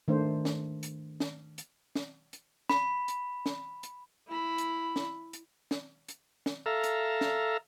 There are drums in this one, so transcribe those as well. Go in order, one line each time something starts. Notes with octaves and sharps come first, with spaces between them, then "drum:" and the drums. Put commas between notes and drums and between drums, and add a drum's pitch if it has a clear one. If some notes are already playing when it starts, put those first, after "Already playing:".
D#3 A3 D4 C5
drum: snare
drum: hi-hat
drum: snare
drum: hi-hat
drum: snare
drum: hi-hat
B5, drum: snare
drum: hi-hat
drum: snare
drum: hi-hat
E4 B5
drum: hi-hat
drum: snare
drum: hi-hat
drum: snare
drum: hi-hat
drum: snare
A4 E5 F5 A#5
drum: hi-hat
drum: snare